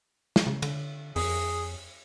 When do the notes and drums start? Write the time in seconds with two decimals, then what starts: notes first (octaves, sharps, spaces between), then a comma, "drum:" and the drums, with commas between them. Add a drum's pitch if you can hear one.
0.36 drum: snare
0.47 C#3
0.62 D3, drum: cymbal
1.16 F2 G#4, drum: open hi-hat